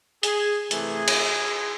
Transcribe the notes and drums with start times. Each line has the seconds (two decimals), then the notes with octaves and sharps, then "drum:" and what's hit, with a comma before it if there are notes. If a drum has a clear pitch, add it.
0.23 G#4, drum: hi-hat
0.71 C3 E3 A3 G#4, drum: hi-hat
1.08 drum: cymbal